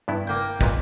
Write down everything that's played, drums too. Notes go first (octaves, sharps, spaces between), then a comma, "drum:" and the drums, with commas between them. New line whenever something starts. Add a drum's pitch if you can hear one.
G2 B3 E4
A#3 G5
A#2 B3 D#5, drum: kick